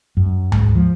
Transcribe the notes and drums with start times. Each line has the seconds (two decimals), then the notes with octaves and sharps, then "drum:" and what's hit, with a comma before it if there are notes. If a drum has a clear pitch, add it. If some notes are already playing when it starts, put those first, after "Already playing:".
0.17 F#2
0.52 G#2, drum: tom D2
0.75 F3